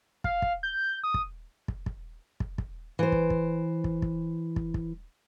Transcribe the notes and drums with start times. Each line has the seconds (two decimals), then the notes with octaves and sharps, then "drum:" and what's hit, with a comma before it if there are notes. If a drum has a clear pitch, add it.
0.24 F5, drum: kick
0.42 drum: kick
0.63 G6
1.04 D#6
1.14 drum: kick
1.68 drum: kick
1.86 drum: kick
2.40 drum: kick
2.58 drum: kick
2.99 E3 C5
3.12 drum: kick
3.30 drum: kick
3.84 drum: kick
4.02 drum: kick
4.56 drum: kick
4.74 drum: kick